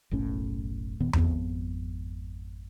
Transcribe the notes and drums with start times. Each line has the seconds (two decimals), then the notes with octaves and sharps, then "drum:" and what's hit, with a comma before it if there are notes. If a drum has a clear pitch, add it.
0.11 F#1 B1 A2 C#4
1.00 E1 A#2 D#3 B3
1.13 G#1 F2 B3, drum: tom E2